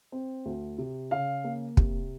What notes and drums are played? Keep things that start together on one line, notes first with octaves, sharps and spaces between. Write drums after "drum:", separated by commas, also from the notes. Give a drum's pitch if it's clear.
C4
D2
C3
C#3 F5
A#3
C3, drum: kick